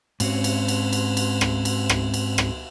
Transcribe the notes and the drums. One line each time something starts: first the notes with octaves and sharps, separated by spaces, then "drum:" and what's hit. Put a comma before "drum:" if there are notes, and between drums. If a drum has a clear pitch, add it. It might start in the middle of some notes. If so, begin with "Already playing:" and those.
G#2 C4 C#4, drum: cymbal
drum: cymbal
drum: cymbal
drum: cymbal
drum: cymbal
drum: rim click
drum: cymbal
drum: rim click
drum: cymbal
drum: rim click